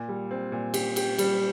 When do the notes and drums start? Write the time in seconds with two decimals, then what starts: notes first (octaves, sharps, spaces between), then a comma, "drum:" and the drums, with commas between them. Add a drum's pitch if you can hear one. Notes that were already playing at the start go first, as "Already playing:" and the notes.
Already playing: A#2
0.08 G3
0.31 C4
0.52 A#2
0.74 G4, drum: cymbal
0.96 G4, drum: cymbal
1.18 G3, drum: cymbal